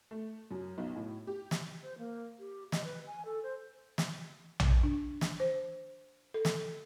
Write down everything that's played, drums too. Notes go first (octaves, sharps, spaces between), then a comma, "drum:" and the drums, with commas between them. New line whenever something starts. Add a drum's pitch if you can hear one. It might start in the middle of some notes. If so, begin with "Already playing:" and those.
A3
F#2
B1
A2
G4
drum: snare
C5
A#3
G4
D#5, drum: snare
B4
G#5
A4
C5
drum: snare
drum: tom A#1
D4
drum: snare
C5
A4
drum: snare